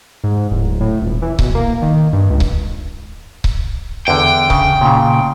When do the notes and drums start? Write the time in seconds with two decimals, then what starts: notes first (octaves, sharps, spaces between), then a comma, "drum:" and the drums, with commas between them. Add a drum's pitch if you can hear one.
0.24 G#2
0.51 D1
0.81 A2
1.02 D#1
1.22 E3
1.39 B1, drum: kick C#1
1.55 A#3
1.82 D#3
2.13 G2
2.30 C#2
2.40 drum: kick C#1
3.44 drum: kick C#1
4.08 E2 D3 G5
4.50 C#3, drum: kick C#1
4.81 A#2 C#3